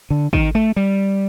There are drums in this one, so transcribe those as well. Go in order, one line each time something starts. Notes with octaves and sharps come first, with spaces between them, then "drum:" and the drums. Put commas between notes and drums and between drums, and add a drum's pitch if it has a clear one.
D3
D#3, drum: kick
A3
G3